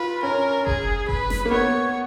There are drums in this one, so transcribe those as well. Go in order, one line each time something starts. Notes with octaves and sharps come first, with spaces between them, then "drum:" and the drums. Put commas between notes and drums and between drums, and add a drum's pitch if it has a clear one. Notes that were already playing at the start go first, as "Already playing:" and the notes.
Already playing: F4 B4
C#4 A#4
G#4, drum: kick F#1
B4, drum: kick F#1
drum: snare
A#3
B3 C#5